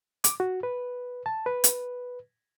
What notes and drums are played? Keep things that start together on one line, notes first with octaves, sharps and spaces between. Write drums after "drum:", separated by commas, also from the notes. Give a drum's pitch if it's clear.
D6, drum: hi-hat
F#4
B4
A5
B4
drum: hi-hat